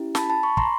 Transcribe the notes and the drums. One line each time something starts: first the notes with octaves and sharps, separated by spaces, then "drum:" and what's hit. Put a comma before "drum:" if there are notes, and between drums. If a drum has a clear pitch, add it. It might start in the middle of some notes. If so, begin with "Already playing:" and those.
Already playing: C#4 E4 G4
A5 B5, drum: snare
A5 B5
B5 C#6
A#5 C6, drum: kick